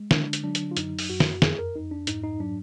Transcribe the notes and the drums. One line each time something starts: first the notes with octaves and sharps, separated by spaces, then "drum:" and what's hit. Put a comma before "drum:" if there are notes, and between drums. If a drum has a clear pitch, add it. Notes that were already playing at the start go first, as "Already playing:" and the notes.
Already playing: G#3
D3 D4, drum: snare
drum: hi-hat
F#3 D4
drum: hi-hat
F4
F#2 D#4, drum: hi-hat
drum: open hi-hat
F#2 F#4
drum: snare
F2 G#4, drum: snare
G#4
A#4
F2 D#4
D4
G#2 D#4, drum: hi-hat
D#4
F#3 D4